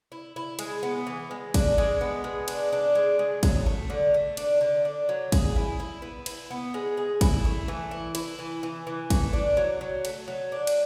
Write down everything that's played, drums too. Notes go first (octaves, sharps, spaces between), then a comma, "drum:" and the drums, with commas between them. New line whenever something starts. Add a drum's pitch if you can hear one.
E4
E4
G#3, drum: cymbal
B3
E3
G#3
D4, drum: kick, cymbal
G#3
B3
G#3
D4, drum: cymbal
D4
G#3
G#3
F#3, drum: kick, cymbal
A3
D3
A3
D4, drum: cymbal
D3
D4
F#3
G#4, drum: kick, cymbal
E4
E4
B3
E4, drum: cymbal
B3
G#3
G#4
E4, drum: kick, cymbal
A3
E3
E4
E4, drum: cymbal
E3
E3
E3
A3, drum: kick, cymbal
D4
F#3
F#3
A3, drum: cymbal
F#3
D4
drum: cymbal